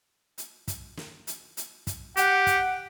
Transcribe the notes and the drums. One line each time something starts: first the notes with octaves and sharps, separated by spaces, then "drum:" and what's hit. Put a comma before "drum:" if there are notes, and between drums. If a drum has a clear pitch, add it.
drum: hi-hat
drum: kick, hi-hat
drum: snare
drum: hi-hat
drum: hi-hat
drum: kick, hi-hat
G4 F#5, drum: hi-hat
drum: kick, hi-hat